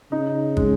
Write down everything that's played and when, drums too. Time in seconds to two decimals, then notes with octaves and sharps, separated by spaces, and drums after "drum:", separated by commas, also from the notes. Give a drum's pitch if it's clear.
0.12 C#3 D#4
0.57 G#3, drum: kick